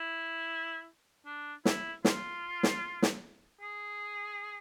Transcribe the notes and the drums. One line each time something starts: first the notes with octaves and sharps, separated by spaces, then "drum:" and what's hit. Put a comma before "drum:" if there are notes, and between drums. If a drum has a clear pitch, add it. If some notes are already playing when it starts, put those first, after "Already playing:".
Already playing: E4
D4
E4, drum: snare
F4, drum: snare
drum: snare
drum: snare
G#4